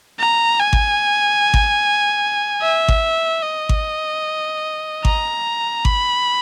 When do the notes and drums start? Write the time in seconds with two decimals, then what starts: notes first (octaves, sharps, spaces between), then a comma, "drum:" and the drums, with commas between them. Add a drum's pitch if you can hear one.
0.19 A#5
0.59 G#5
0.73 drum: kick G#1
1.54 drum: kick G#1
2.62 E5
2.88 drum: kick G#1
3.42 D#5
3.69 drum: kick G#1
5.05 A#5, drum: kick G#1
5.85 B5, drum: kick G#1